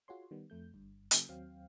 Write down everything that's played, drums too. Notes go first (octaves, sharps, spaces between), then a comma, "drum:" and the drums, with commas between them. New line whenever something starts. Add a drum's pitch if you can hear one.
F4 F#4 G#4 C#5 C6
D#3 G3 B3
F2 A3 G6
G1 G2
C#3 F#3 A#3, drum: hi-hat
D#2 F#3 C4 F5 G5